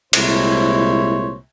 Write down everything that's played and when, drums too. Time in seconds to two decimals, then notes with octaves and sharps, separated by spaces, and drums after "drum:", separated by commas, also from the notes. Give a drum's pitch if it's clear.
0.13 C2 A#2 G#3 E4 C5 C#5, drum: cymbal